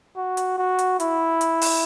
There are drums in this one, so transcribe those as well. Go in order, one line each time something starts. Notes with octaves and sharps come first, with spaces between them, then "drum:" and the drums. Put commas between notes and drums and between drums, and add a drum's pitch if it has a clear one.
F#4
drum: hi-hat
F#4
drum: hi-hat
E4, drum: hi-hat
drum: hi-hat
drum: open hi-hat